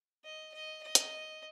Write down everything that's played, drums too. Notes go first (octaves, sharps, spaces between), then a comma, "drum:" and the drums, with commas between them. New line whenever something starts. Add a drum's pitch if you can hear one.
D#5
D#5
D#5
drum: hi-hat